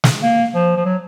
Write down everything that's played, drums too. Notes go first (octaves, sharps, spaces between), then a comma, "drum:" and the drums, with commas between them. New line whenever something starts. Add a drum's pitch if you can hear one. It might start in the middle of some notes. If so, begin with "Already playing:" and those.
drum: snare
A#3
F3
F3
F#3